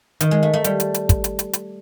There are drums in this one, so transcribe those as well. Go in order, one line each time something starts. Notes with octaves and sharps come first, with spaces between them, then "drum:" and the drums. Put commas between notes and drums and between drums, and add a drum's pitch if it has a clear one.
D#3, drum: hi-hat
G#3
A3
A3
G3, drum: hi-hat
drum: hi-hat
drum: hi-hat
drum: kick, hi-hat
drum: hi-hat
drum: hi-hat
drum: hi-hat